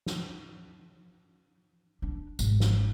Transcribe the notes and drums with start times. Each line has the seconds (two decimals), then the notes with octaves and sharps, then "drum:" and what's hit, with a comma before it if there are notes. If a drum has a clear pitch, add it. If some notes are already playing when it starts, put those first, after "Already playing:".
0.06 drum: snare
2.02 D4
2.39 G#1, drum: tambourine
2.60 drum: snare